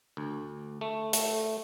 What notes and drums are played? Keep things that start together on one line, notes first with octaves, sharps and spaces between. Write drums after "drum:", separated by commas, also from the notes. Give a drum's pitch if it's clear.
D2
A3
A3, drum: hi-hat